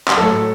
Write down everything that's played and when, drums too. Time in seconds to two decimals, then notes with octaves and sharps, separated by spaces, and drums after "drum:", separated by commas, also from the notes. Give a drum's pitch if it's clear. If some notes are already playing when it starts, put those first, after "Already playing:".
0.08 drum: clap
0.17 A2 F#3 A4